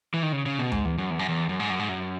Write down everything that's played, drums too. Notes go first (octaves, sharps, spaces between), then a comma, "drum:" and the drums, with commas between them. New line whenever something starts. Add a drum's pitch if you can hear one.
E3
D#3
C#3
C#3
B2
G#2, drum: tom D2
E2
F#2
E2
F#2
E2
F#2
G#2
F#2
G#2
F#2